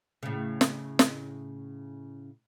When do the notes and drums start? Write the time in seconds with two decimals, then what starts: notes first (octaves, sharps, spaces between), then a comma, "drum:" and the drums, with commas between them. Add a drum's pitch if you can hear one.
0.23 A2 C#3
0.61 drum: snare
0.99 drum: snare